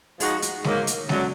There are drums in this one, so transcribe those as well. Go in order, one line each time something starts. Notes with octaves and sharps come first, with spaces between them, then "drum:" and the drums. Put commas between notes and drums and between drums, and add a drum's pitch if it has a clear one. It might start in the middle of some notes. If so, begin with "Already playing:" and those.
F3 G#3 D#4 F#4, drum: open hi-hat
drum: hi-hat
G#2 F#3 A#3 D#4, drum: snare G#3
drum: hi-hat
F#2 D3 F#3, drum: snare G#3